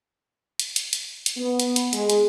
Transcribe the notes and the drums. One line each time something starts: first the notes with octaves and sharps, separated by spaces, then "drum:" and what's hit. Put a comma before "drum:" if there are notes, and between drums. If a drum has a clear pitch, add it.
drum: hi-hat
drum: hi-hat
drum: hi-hat
drum: hi-hat
B3
drum: hi-hat
drum: hi-hat
G#3, drum: hi-hat
drum: hi-hat